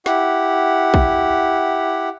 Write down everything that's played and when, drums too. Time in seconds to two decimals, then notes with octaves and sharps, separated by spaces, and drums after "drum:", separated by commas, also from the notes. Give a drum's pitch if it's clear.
0.06 E4 G4 F#5, drum: snare
0.94 drum: kick A#1